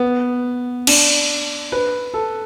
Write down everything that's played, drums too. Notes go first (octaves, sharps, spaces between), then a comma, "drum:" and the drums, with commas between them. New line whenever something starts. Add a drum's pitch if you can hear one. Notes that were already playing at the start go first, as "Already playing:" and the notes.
Already playing: B3
D4, drum: cymbal
B4
A4